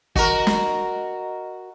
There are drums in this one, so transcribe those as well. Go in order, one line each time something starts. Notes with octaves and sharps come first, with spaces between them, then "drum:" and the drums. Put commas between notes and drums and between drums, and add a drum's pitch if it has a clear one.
F#4 A#4 D#5, drum: kick
drum: snare